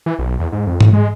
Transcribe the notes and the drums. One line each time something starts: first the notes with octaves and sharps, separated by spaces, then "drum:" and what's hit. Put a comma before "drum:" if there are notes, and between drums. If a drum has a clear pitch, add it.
E3
B1
E2
G#2
F2
A2, drum: tom G#2
G#3